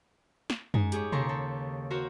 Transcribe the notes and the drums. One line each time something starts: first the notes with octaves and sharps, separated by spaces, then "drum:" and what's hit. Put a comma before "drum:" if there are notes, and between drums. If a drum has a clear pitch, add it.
drum: snare
G#2 D#4 G#5, drum: tom F#2
G4 G#4 C#5, drum: hi-hat
D#2 C#3 A4 A#5 C6 C#6, drum: tom B2
A4
F#4 A#4 C5 C#5